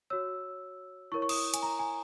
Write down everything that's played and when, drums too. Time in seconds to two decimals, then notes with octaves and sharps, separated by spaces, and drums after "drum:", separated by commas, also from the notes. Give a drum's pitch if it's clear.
0.10 F#4 C#5 E6
1.12 E4 A#4 C#5 C#6
1.22 C#6
1.29 D#6, drum: cymbal
1.54 G#5, drum: hi-hat
1.62 A#5
1.79 G#5